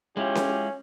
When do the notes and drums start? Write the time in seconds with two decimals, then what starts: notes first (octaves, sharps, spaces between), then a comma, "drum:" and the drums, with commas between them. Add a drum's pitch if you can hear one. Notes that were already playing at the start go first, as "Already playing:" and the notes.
0.17 G#3 C#4 E4 F4 G4
0.35 drum: snare C#4